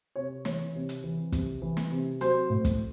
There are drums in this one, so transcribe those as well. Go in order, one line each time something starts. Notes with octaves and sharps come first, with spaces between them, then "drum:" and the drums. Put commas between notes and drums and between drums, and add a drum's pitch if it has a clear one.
C3 C#5
E3 C#5, drum: snare
C3
drum: hi-hat
E3
C3, drum: kick, hi-hat
E3
drum: snare
C3
F#3 C5, drum: hi-hat
A2
drum: kick, hi-hat